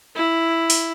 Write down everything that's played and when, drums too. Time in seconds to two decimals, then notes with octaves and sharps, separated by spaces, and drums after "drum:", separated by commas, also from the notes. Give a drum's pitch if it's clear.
0.15 E4
0.70 drum: open hi-hat